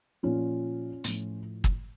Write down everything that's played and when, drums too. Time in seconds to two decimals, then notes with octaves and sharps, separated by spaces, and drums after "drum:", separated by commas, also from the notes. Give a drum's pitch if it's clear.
0.23 A#2 F3 C#4 F4
1.04 A2 F3, drum: hi-hat
1.64 drum: kick